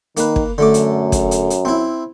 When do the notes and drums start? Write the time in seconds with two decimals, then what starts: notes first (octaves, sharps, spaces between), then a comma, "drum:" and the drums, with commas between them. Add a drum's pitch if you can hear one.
0.17 D#3 A#3 B4, drum: hi-hat
0.36 drum: kick
0.58 F#2 D3 A3 D6
0.74 drum: hi-hat
1.12 drum: kick, hi-hat
1.31 drum: hi-hat
1.50 drum: hi-hat
1.65 C4 E4